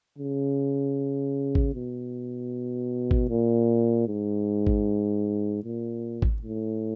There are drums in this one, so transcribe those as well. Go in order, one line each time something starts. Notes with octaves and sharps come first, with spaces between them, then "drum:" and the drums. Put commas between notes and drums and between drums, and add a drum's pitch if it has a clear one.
C#3
drum: kick G#1
B2
drum: kick G#1
A#2
G#2
drum: kick G#1
A#2
drum: kick G#1
A2